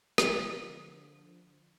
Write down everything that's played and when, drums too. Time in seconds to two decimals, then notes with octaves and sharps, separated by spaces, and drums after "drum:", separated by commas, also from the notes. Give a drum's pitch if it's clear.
0.18 D3 F3, drum: rim click